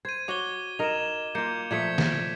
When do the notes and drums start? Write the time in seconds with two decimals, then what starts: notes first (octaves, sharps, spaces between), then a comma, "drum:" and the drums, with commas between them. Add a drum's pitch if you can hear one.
0.05 C5 G#6 D#7
0.28 F#4 C#5 D6 G7
0.79 D#4 A#4 E7 F7
1.35 A#3 F4 G6 C#7
1.71 A#2 F3 A3 G#6 B6 C#7
1.98 drum: snare